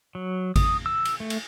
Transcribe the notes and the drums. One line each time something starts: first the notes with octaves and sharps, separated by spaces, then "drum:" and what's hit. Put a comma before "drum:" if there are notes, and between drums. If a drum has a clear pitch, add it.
F#3
D#6, drum: kick G#1, cymbal
E6
drum: cymbal
A3
drum: cymbal